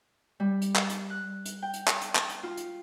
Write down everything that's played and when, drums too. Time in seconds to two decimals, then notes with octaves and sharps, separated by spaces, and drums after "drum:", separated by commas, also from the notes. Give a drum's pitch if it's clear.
0.40 G3
0.62 drum: hi-hat
0.76 drum: clap
0.90 drum: hi-hat
1.10 F#6
1.46 drum: hi-hat
1.62 G5
1.73 drum: hi-hat
1.87 drum: clap
2.01 drum: hi-hat
2.15 drum: clap
2.29 drum: hi-hat
2.43 F4
2.57 drum: hi-hat